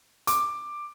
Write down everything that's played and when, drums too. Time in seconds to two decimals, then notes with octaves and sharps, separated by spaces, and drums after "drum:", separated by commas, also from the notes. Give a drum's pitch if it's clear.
0.27 D6, drum: hi-hat